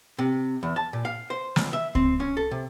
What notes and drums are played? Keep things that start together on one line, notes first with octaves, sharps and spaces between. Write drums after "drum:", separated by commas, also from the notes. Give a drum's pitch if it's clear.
C3
E2
A5
A#2
F5
C5
C#2, drum: snare
E5
C4, drum: kick C#2
C#4
A4
C3